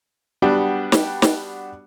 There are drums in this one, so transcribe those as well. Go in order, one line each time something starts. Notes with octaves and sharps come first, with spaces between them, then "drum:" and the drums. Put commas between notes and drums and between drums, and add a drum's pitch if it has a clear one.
G3 B3 D4 F#4 G4
drum: snare
drum: snare